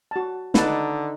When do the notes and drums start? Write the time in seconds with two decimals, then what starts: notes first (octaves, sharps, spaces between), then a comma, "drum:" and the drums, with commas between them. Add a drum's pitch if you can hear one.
0.11 F#4 A5
0.54 D3 D#4 B4 A5, drum: snare